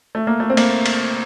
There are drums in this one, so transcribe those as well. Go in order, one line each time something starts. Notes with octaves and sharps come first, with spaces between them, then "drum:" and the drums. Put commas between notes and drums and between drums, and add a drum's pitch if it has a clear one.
A3
A#3
A3
C4
A#3, drum: cymbal
drum: cymbal